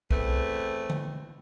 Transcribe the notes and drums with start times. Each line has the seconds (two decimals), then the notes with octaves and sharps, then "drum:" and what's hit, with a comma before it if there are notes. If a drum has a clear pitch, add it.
0.11 E2 A3 C4 B4, drum: kick
0.90 drum: tom D3